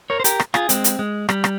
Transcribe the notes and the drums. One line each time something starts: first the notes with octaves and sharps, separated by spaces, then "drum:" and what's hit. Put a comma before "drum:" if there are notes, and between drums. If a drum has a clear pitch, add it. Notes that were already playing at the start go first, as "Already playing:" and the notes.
A#4 C#5
C5
G4 A#4, drum: hi-hat
drum: rim click
F4 G#4, drum: rim click
G#3 C4, drum: hi-hat
drum: hi-hat
G#3
G3, drum: rim click
drum: rim click